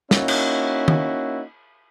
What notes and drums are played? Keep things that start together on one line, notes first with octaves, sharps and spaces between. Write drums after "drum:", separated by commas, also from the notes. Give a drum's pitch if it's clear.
A#3 C#4 D#4 E4 F#4, drum: snare
drum: cymbal
drum: tom